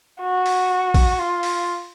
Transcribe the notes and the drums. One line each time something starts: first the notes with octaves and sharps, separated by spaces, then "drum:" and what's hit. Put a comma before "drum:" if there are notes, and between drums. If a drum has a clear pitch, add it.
F#4
drum: open hi-hat
drum: kick, open hi-hat
F4
drum: open hi-hat